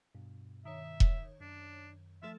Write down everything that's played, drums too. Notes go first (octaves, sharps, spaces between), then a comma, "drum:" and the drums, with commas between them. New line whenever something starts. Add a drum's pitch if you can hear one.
G2 B2
D#3 C#5 E5
drum: kick E1
F#2 D4
F3 A3 A4 E5